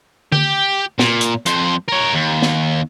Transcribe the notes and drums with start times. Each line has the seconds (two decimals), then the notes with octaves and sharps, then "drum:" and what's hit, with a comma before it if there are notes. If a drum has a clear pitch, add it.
0.32 G4, drum: tom D3
0.99 A#2, drum: snare
1.21 drum: hi-hat
1.46 F2 C5, drum: hi-hat
1.88 A#4 C#5
2.13 D#2
2.42 drum: snare